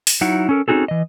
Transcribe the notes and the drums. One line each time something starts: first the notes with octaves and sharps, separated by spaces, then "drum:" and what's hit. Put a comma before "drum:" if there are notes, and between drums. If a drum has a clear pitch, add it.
drum: open hi-hat
F#3 D#4 E4 F#5
C#4 A4 A#4
C4 C#4 D#4 F#4 G#4 A4
E3 D#5